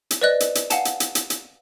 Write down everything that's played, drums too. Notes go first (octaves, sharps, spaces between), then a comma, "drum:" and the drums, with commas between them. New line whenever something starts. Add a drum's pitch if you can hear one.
drum: hi-hat
B4 C5 D5 D#5 F#6
drum: hi-hat
drum: hi-hat
F5 F#5 G#5 A5, drum: hi-hat
drum: hi-hat
drum: hi-hat
drum: hi-hat
drum: hi-hat